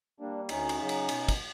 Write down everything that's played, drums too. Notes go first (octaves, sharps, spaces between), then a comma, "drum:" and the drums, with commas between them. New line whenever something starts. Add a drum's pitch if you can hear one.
G3 A#3 D4
D2 C#4 D#4, drum: cymbal
drum: cymbal
C#3 F#3
drum: cymbal
B2, drum: cymbal
drum: kick, cymbal